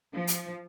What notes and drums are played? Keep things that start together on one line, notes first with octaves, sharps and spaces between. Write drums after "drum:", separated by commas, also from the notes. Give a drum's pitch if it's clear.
F3
drum: hi-hat